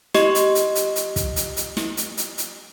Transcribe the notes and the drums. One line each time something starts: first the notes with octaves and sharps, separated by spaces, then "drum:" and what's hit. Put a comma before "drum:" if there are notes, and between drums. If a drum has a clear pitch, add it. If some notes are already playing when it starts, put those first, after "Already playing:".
G4 D#5 C#6, drum: snare
drum: hi-hat
drum: hi-hat
drum: hi-hat
drum: hi-hat
drum: kick, hi-hat
drum: hi-hat
drum: hi-hat
drum: snare
drum: hi-hat
drum: hi-hat
drum: hi-hat